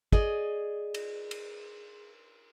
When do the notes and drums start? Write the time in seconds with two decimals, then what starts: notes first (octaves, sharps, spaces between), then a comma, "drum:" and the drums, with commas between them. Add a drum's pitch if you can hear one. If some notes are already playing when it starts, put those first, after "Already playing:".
0.12 G#4 D5 D#5, drum: kick
0.94 drum: cymbal
1.31 drum: cymbal